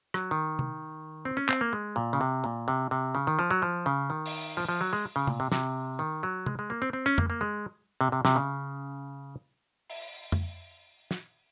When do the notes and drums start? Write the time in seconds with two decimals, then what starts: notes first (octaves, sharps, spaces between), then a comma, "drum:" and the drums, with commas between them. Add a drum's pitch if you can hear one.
0.14 F#3, drum: rim click
0.31 D#3
0.59 drum: tom C3
1.25 C4
1.37 C#4
1.49 C4, drum: clap
1.61 A#3
1.73 G#3
1.96 A#2
2.13 C#3
2.21 C3
2.44 A#2
2.68 C3
2.91 C3
3.15 C#3
3.27 D#3
3.39 F3
3.51 F#3
3.62 F3
3.86 C#3
4.10 D#3
4.26 drum: open hi-hat
4.57 F3
4.69 F3
4.81 F#3
4.93 G#3
5.16 C#3
5.27 A#2, drum: tom C3
5.40 C3
5.52 C3, drum: snare
5.99 D#3
6.23 F#3
6.46 G#3, drum: tom C3
6.59 G#3
6.70 A#3
6.82 C4
6.93 C4
7.06 C#4
7.18 A#3, drum: tom F2
7.30 A#3
7.41 G#3
8.01 C3
8.12 C3
8.25 C3, drum: snare
8.36 C#3
9.90 drum: open hi-hat
10.32 drum: tom F2
11.11 drum: snare